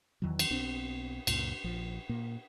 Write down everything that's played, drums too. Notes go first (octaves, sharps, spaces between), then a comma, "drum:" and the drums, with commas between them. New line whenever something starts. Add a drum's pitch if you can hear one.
E2 D#3 E3 F#3
drum: cymbal
B1 B2 C4 D4
C#2 F#2 A#2, drum: cymbal
A#1 F3
A#2 A#3